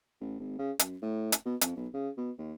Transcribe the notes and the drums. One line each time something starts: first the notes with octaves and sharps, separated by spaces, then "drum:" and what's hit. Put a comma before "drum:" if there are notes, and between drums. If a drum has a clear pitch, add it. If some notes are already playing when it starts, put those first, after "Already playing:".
A1
G#1
C#3
F#2, drum: hi-hat
A2
drum: hi-hat
B2
F2, drum: hi-hat
B1
C#3
B2
D#2